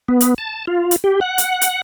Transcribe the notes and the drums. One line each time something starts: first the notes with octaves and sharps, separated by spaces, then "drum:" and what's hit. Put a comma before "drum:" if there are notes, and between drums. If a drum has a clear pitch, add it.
B3
drum: hi-hat
A5
F4
drum: hi-hat
G4
F#5
drum: hi-hat
drum: hi-hat